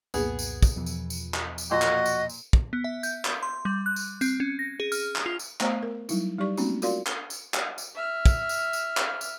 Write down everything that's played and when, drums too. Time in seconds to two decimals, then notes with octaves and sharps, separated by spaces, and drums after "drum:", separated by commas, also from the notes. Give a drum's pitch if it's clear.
0.14 C2 F2 A#2 B3 G#4, drum: tambourine
0.39 drum: tambourine
0.63 drum: kick, tambourine
0.76 E2 B2 F3
0.86 drum: tambourine
1.10 drum: tambourine
1.34 drum: clap
1.58 drum: tambourine
1.71 A#2 F#4 D#5 C6
1.82 drum: clap
2.06 drum: tambourine
2.29 drum: tambourine
2.53 drum: kick
2.73 B3
2.84 E5
3.03 G6, drum: tambourine
3.25 drum: clap
3.43 C6
3.65 G3
3.86 F#6
3.96 drum: tambourine
4.21 C4, drum: tambourine
4.40 C#4
4.59 A#6
4.80 G#4
4.92 F6, drum: tambourine
5.16 drum: clap
5.26 F4
5.39 drum: tambourine
5.60 A3 B3 C5 D#5 F5 A#5, drum: clap
5.83 A#4
6.09 F#3 G3 D#4 E4, drum: tambourine
6.38 G3 D#4 G4 D5 C#6
6.57 A3 A#3 C4 C#4 D#4 F#4, drum: tambourine
6.82 F4 F#4 A#4 D5 F5 C6, drum: tambourine
7.06 drum: clap
7.30 drum: tambourine
7.54 drum: clap
7.78 drum: tambourine
7.95 E5 F6
8.26 drum: kick, tambourine
8.49 drum: tambourine
8.73 drum: tambourine
8.97 drum: clap
9.21 drum: tambourine